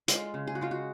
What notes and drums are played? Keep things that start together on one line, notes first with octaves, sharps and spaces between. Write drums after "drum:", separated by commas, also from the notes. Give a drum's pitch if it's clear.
G#3 F4, drum: hi-hat
C#3
G#4
F#4
G#3 F4
F#4